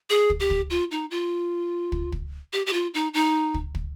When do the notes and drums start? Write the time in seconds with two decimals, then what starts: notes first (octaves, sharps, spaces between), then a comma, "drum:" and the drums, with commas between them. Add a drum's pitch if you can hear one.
0.10 G#4
0.30 drum: kick
0.40 G4
0.50 drum: kick
0.70 F4
0.91 D#4
1.11 F4
1.92 drum: kick
2.12 drum: kick
2.53 G4
2.67 G4
2.73 F4
2.94 D#4
3.14 D#4
3.54 drum: kick
3.75 drum: kick